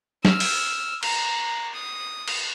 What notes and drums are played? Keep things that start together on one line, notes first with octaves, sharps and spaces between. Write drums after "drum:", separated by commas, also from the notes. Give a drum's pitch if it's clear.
E6 F6, drum: snare F#3
drum: open hi-hat
A#5, drum: cymbal
D#6
drum: cymbal